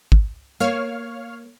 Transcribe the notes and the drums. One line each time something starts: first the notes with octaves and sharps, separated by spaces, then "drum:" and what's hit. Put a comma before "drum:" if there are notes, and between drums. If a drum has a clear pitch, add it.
drum: kick
A#3 C#5 F5 F6